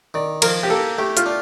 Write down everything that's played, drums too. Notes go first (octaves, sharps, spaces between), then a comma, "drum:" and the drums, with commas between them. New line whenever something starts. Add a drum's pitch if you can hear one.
D#3 D5
F3 A#4, drum: cymbal
G4
A#3 A4
A3 G4
F4, drum: hi-hat
D4